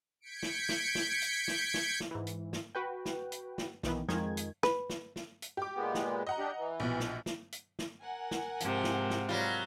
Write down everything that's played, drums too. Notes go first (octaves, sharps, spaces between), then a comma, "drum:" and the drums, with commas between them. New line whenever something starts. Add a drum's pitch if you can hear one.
G6 G#6 B6 C#7 D7
drum: snare
drum: snare
drum: snare
drum: hi-hat
drum: snare
drum: snare
drum: snare
G#2 E3
drum: hi-hat
drum: snare
F#4 B4 G5
drum: snare
drum: hi-hat
drum: snare
B1 D#3 E3 B3, drum: snare
F2 D#3 F3 G#3 G#6, drum: snare
drum: hi-hat
B4, drum: snare
drum: snare
drum: snare
drum: hi-hat
G4 D6
A#2 G#3 B3
drum: snare
D#5 F#5 A#5
D4 G4
E3
A#1 B2
drum: snare
drum: snare
drum: hi-hat
drum: snare
A#4 F#5 G#5
drum: snare
G#2 C3 F3, drum: hi-hat
drum: snare
drum: snare
F#3 G3 F4